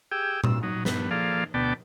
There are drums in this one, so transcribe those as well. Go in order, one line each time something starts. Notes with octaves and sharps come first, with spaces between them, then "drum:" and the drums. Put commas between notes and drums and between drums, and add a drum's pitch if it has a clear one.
G4 G#4 G5 E6
E6, drum: tom A#2
F#3 D#4
G2 B3, drum: snare
F3 A#3 G#4 A4 D5 F5
D2 B2 B3 D5 G5 A5